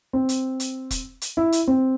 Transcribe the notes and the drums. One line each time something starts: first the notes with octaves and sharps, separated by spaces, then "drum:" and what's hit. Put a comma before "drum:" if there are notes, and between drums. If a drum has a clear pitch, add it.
C4
drum: hi-hat
drum: hi-hat
drum: kick E1, hi-hat
drum: hi-hat
E4
drum: hi-hat
C4